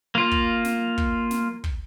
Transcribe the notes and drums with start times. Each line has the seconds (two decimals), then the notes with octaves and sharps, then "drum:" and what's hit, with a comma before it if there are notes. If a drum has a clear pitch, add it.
0.15 A#3 F4
0.31 drum: kick
0.65 drum: snare
0.98 drum: kick
1.31 drum: snare
1.64 drum: kick